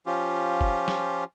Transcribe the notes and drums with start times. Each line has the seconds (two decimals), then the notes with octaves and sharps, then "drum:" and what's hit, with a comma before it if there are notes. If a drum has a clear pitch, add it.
0.06 F3 C#4 F4 G4
0.61 drum: kick F#1
0.88 drum: snare